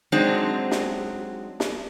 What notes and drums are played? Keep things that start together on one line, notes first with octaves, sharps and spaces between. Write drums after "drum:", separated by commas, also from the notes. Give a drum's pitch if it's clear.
F#3 G#3 C4 D4 D#4
drum: snare
drum: snare